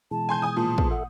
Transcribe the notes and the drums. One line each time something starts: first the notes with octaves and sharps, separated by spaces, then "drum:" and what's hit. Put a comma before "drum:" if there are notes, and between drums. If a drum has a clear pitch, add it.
B2 E3 G#3 A5
G#5 C6 G6
G#5 D#6
A#2 F3 A5
B3 G#4, drum: kick
A4 E5 F#5